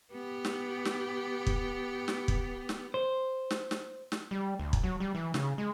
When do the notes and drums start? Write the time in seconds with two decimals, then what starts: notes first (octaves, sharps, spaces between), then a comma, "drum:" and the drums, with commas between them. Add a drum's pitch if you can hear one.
0.12 B3 G4
0.45 drum: snare
0.85 drum: snare
1.47 drum: kick
2.08 drum: snare
2.28 drum: kick
2.69 drum: snare
2.94 C5
3.51 drum: snare
3.71 drum: snare
4.12 drum: snare
4.31 G3
4.59 D2
4.73 drum: kick
4.83 F#3
5.00 G3
5.15 E3
5.34 C#3, drum: snare
5.58 G#3